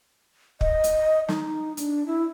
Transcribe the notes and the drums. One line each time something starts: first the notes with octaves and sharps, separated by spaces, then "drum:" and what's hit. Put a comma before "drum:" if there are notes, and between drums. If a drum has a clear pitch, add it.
D#5, drum: kick
drum: hi-hat
D#4, drum: snare
D4, drum: hi-hat
E4